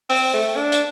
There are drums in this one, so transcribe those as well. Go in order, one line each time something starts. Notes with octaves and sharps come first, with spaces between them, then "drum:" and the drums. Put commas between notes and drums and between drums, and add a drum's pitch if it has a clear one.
C4, drum: open hi-hat
A3
D4
drum: hi-hat